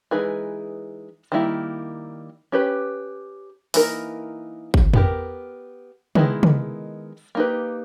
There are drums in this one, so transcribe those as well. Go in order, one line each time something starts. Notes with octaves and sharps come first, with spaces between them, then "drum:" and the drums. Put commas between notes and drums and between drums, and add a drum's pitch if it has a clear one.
E3 G#3 D#4 G#4 B4
D#3 G3 A#3 E4
C#4 G4 B4
E3 A#3 D#4 A#4, drum: open hi-hat
drum: kick
B3 G4 A#4, drum: tom
D#3 G#3 B3 E4, drum: tom
drum: tom
A#3 D#4 G4 B4